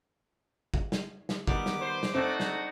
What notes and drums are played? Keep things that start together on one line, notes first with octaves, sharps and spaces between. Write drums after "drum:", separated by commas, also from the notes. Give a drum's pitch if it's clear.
drum: kick
drum: snare
drum: snare
D#3 G3 B3 D6, drum: kick
drum: snare
C5
drum: snare
A3 C4 D4 D#4 F#4
drum: snare